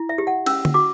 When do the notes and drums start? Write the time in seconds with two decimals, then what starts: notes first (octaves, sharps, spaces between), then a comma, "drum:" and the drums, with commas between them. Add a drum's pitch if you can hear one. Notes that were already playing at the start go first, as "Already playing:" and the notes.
Already playing: E4
0.09 E5
0.18 G4
0.27 F#5
0.46 C#4 E6, drum: cymbal
0.65 drum: tom D3
0.74 F#4 D6